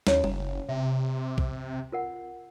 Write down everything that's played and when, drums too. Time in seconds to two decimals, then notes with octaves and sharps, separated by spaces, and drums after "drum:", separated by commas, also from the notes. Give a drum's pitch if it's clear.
0.07 D#2 C#4 E4 C#5, drum: snare
0.24 F#1 A#5, drum: tom G3
0.69 C3 E5
1.38 drum: kick B1
1.92 F4 A#4 F#5